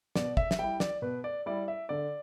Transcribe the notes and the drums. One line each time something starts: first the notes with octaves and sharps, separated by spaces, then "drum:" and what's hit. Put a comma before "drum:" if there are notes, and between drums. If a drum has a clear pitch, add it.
B2 D5, drum: snare
E5, drum: kick
E5, drum: snare
G3 E4 G5
D5, drum: snare
B2 B4
D5
G3 E4 D5
E5
D3 D5